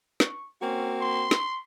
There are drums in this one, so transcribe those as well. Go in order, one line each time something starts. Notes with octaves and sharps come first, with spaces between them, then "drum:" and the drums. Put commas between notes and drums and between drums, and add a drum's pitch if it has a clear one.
C#6, drum: snare
A#3 C4 C#4 F#4
C6
drum: snare